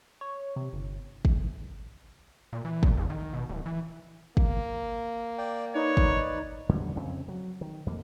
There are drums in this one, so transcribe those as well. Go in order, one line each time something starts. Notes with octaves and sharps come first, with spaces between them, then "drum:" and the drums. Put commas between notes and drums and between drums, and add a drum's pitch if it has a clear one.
C#5
C3
G1
drum: kick
A#2
E3
A#2, drum: kick
E2
D#3
B2
D1
E3
A#3, drum: kick
D5 G5
D#4 B4 C#5 D5
drum: kick
E2 D3 G3
F2 C#3 C4
F#3
D#3
F2 A#3